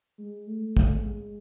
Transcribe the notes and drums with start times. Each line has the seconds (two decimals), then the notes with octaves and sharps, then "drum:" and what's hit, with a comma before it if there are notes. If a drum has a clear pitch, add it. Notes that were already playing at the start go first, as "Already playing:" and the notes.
0.19 G#3
0.47 A3
0.77 drum: kick
1.03 G#3